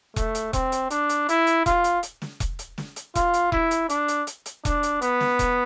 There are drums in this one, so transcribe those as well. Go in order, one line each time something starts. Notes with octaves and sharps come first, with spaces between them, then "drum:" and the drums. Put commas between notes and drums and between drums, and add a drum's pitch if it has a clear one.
A3, drum: kick E1, hi-hat
drum: hi-hat
C4, drum: kick E1, hi-hat
drum: hi-hat
D4, drum: hi-hat
drum: hi-hat
E4, drum: hi-hat
drum: hi-hat
F4, drum: kick E1, hi-hat
drum: hi-hat
drum: hi-hat
drum: snare
drum: kick E1, hi-hat
drum: hi-hat
drum: snare
drum: hi-hat
F4, drum: kick E1, hi-hat
drum: hi-hat
E4, drum: kick E1
drum: hi-hat
D4, drum: hi-hat
drum: hi-hat
drum: hi-hat
drum: hi-hat
D4, drum: kick E1, hi-hat
drum: hi-hat
B3, drum: hi-hat
drum: snare
drum: kick E1, hi-hat